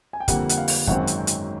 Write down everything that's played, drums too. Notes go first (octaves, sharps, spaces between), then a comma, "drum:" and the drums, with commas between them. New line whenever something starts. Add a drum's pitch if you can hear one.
G#5
G5
F2 D3 G3 A#3 F#5, drum: kick, hi-hat
F#5, drum: hi-hat
F5
drum: open hi-hat
G#1 F#2 D#3 G#3 C4 F#5, drum: kick
drum: hi-hat
G5
drum: hi-hat